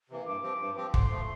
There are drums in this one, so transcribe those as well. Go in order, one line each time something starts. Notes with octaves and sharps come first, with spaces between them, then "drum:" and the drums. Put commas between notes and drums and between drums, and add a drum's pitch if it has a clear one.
C3 E3 A#3
G2 D6
F3 C4 G4
G2
F3 C4 G4
D3 C6, drum: kick
F3 A3